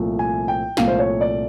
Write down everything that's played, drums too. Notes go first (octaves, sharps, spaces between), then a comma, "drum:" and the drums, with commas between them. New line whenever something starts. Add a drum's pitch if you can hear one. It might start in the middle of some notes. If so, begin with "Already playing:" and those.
Already playing: C2 A#2 F3 A3
G#5
G5
C2 A#2 F3 A3 F5, drum: snare
C5
C#5
D5